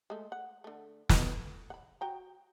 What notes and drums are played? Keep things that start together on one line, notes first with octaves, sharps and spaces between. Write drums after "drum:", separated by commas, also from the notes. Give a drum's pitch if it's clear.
G#3 A3
F#5
D3 A3
drum: snare
A3
F#5 B5
F#4 G5 A#5